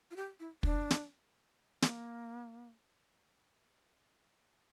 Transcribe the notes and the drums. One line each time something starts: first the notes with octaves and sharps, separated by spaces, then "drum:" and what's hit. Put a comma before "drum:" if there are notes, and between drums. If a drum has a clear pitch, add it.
F4
G4
E4
D4, drum: kick
drum: snare
A#3, drum: snare